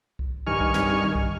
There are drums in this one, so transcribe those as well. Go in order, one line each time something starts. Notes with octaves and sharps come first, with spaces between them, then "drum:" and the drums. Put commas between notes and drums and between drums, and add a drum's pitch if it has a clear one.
drum: kick C2
G2 D#3 G#5 C#6 F6
drum: kick C2
drum: snare
drum: kick C2